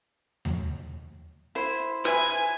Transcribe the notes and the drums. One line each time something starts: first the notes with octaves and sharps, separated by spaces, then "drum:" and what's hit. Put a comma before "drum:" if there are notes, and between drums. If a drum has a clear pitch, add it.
drum: tom D#2
E4 C5
B4 E5 G#5, drum: snare